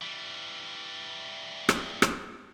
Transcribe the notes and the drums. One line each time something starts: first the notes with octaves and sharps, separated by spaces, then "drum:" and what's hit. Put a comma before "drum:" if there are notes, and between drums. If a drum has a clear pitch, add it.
E3 G3
drum: rim click
drum: rim click